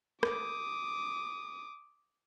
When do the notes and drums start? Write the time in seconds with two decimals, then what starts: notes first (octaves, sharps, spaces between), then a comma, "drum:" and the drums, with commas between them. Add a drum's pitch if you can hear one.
0.23 D6 D#6, drum: rim click